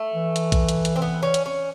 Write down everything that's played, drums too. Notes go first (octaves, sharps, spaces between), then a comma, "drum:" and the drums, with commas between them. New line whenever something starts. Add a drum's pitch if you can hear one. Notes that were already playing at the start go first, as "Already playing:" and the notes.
Already playing: A3
E3
drum: hi-hat
drum: kick A#1, hi-hat
drum: hi-hat
drum: hi-hat
C4
B3
C#4
drum: hi-hat
C#4